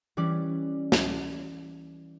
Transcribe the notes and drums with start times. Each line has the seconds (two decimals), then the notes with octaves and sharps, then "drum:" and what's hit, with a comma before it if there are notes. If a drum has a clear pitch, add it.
0.17 E3 G3 C#4 D5
0.92 drum: snare